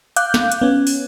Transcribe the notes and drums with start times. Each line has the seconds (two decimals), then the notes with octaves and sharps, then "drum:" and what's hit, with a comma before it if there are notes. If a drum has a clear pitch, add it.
0.16 F5 D6 F#6 G6, drum: hi-hat
0.34 drum: snare
0.52 drum: hi-hat
0.61 B3 C#4
0.87 drum: open hi-hat